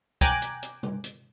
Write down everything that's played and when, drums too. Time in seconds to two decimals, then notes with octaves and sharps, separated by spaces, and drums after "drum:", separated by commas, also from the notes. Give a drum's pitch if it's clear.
0.21 G5 G#5 A#5 D6 F#6, drum: kick, hi-hat
0.42 drum: hi-hat
0.62 drum: hi-hat
0.83 drum: tom C3
1.04 drum: hi-hat